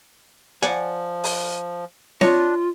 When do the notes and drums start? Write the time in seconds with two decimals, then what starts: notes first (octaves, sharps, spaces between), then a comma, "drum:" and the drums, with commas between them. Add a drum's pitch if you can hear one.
0.62 F3 D5 F#5 G#5, drum: hi-hat
1.24 drum: open hi-hat
2.21 D4 F4 C#5 D#5, drum: snare C4